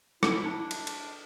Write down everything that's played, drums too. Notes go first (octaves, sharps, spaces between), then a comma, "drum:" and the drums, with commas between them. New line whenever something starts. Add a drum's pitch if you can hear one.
E4, drum: rim click
E4
D4
drum: cymbal
drum: cymbal